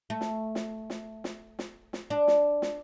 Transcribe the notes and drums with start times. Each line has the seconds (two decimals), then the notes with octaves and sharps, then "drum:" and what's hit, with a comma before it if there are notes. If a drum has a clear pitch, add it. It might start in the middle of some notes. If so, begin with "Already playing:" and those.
0.10 A3
0.21 drum: snare
0.55 drum: snare
0.90 drum: snare
1.24 drum: snare
1.59 drum: snare
1.93 drum: snare
2.10 D4
2.28 drum: snare
2.62 drum: snare